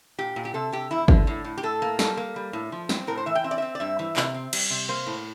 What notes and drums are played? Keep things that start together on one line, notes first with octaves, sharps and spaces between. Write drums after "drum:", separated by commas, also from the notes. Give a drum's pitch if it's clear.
A#2 G4
A#2
G4
C3 A4
C3 G4
E2 E4
D3, drum: kick
A2
A2
G4
A2 A4
A#3
G3 A4, drum: snare
A#3
G3
A2
F3
C4, drum: snare
A2 A#4
C5
E3 E5
G5
C4 E5
D5
C4 E5
D5
G2 E5
E3
C3, drum: clap
C4
G3, drum: cymbal
C3
A#3 C5
A2